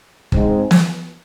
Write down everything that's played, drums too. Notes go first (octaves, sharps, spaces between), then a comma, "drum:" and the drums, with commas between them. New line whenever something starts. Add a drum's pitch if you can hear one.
G#2 G#3 C4 D#4, drum: kick
drum: snare